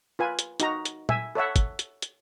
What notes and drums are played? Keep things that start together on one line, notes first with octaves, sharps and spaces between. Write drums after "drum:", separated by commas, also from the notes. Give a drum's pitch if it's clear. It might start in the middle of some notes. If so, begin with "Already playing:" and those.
F4 B4 G#5
drum: hi-hat
D#4 F#4 A#5, drum: hi-hat
drum: hi-hat
E5 G#5, drum: tom A#2
A4 C#5 E5 F#5
drum: kick, hi-hat
drum: hi-hat
drum: hi-hat